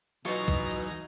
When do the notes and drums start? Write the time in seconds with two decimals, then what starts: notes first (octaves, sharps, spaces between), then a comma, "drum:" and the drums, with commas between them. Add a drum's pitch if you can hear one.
0.25 B2 E3 F#3 D#4 F4 G#4 A#5 C#6, drum: hi-hat
0.48 drum: kick, hi-hat
0.71 drum: hi-hat